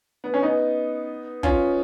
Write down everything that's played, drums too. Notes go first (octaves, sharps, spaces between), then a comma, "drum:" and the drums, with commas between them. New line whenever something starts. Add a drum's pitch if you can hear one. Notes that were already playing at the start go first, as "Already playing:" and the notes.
B3
C#4
B3 D#4
C#4 F4, drum: kick